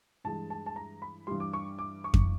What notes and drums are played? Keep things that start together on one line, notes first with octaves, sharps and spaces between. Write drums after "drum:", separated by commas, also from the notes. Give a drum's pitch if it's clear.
G2 E3 G#3 A5
A5
A5
A#5
B5
G2 E3 G3 C6
D6
C#6
D6
C#6
drum: kick F2